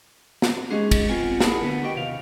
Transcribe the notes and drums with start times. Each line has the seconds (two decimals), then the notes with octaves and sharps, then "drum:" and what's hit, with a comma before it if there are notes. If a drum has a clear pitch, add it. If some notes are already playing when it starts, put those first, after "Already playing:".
0.42 drum: snare
0.70 G#3 C#4 D#4 G4 G#4
0.91 drum: kick, cymbal
1.09 B3 C4 F4 G#5
1.40 A#3 E4 G#4 A#4 F#5 A5, drum: snare
1.62 D2 D3 B3
1.83 F#4 G4 D#5 G5
1.96 D#2 C3 F5